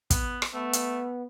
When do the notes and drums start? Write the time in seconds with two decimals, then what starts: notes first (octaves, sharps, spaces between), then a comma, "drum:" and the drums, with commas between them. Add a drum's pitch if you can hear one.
0.10 B3, drum: kick, hi-hat
0.42 drum: rim click
0.54 A3 B3
0.73 drum: hi-hat